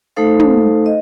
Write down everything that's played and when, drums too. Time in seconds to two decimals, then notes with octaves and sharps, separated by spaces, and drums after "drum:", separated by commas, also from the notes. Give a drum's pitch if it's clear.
0.16 A3 D#4 A4 C5 F5
0.40 drum: tom
0.86 D#5